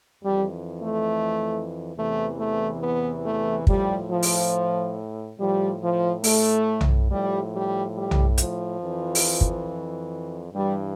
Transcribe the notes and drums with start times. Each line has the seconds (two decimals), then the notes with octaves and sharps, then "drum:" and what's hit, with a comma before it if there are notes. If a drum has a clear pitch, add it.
0.24 F2 E3 G3
0.81 A3
1.95 E2 C3 E3 A3
2.38 A3
2.81 B3
3.24 A3
3.67 A2 F3 G3, drum: kick
4.09 F3
4.22 drum: open hi-hat
5.38 A2 F3 G3
5.81 F3
6.24 A3, drum: open hi-hat
6.81 drum: tom B1
7.09 A2 F3 G3
7.52 G3
7.95 G3
8.11 drum: tom B1
8.38 F3, drum: hi-hat
8.81 F2 E3
9.15 drum: open hi-hat
9.41 drum: kick
10.52 G2 E3 G3